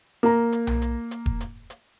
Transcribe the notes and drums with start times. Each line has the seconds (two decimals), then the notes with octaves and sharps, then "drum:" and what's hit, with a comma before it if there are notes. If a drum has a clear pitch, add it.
0.23 A#3 A#5
0.52 drum: hi-hat
0.67 drum: tom B1
0.82 drum: hi-hat
1.11 drum: hi-hat
1.26 drum: kick E1
1.40 drum: hi-hat
1.70 drum: hi-hat